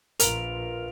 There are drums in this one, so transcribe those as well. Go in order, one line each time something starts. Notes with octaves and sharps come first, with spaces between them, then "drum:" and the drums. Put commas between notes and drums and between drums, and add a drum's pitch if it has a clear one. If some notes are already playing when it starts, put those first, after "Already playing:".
A#1 F4 A#4 B4 D7 F7, drum: hi-hat